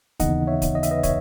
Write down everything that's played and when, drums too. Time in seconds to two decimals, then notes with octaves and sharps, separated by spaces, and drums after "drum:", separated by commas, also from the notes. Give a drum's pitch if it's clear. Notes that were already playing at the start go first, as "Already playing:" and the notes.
0.20 D#2 C#3 E3 B3 D#4 D#5 F#5, drum: kick, hi-hat
0.47 C#5 E5
0.62 drum: kick, hi-hat
0.75 D#5
0.83 E5, drum: hi-hat
0.91 B4 D#5
1.03 C#5 E5, drum: kick, hi-hat